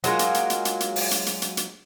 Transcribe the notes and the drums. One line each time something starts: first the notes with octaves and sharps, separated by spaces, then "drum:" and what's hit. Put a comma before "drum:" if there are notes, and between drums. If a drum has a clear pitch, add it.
F#3 G#3 A#3 F4, drum: hi-hat
drum: hi-hat
drum: hi-hat
drum: hi-hat
drum: hi-hat
drum: hi-hat
drum: open hi-hat
drum: hi-hat
drum: hi-hat
drum: hi-hat
drum: hi-hat